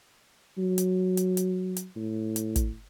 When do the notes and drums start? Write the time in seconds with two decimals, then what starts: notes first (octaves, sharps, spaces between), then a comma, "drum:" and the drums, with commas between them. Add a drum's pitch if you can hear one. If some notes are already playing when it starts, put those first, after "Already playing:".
0.58 F#3
0.78 drum: hi-hat
1.17 drum: hi-hat
1.37 drum: hi-hat
1.77 drum: hi-hat
1.96 A2
2.36 drum: hi-hat
2.56 drum: kick, hi-hat